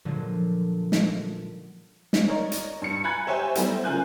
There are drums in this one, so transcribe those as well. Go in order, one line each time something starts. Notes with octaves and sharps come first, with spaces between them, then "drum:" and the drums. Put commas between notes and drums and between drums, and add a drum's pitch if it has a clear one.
A#2 D3 F3 F#3 G#3 D4
drum: snare
drum: snare
D#4 A#4 C#5 D5
drum: hi-hat
G2 C#7
G#5 A#5 B5 F#6 G#6 A6
G4 C5 C#5 E5 F#5 G#5
F#3 G3 A3 B3 E4 C5, drum: hi-hat
C#3 F4 A#4 G#5 F#6 G6